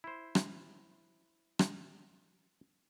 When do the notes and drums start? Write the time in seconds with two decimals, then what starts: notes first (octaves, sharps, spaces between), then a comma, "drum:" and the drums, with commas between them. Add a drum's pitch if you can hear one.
0.04 E4 C5
0.35 drum: rim click
1.59 drum: rim click